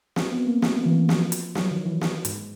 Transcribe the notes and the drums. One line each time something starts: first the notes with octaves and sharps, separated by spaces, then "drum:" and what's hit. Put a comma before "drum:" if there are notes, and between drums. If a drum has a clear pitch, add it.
C4, drum: snare
B3
A#3
A3, drum: snare
E3
F3, drum: snare
drum: hi-hat
F#3, drum: snare
D#3
E3
drum: snare
G#2, drum: hi-hat